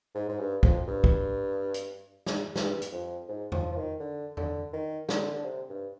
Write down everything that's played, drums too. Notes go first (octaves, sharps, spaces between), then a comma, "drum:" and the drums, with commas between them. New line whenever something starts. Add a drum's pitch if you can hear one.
G#2
G#2
G2
F2, drum: kick
G2
drum: kick
drum: hi-hat
drum: snare
G2, drum: snare
drum: hi-hat
F2
G#2
F3, drum: tom E2
F3
D#3
D3
D3, drum: tom E2
D#3
D3, drum: snare
D3
C3
G2